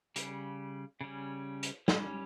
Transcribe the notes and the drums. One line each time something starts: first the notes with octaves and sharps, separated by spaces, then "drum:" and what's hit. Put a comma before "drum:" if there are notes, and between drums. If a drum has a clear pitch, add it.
C#3 G3, drum: hi-hat
C#3 G3 C#4
drum: hi-hat
G3 C#4, drum: snare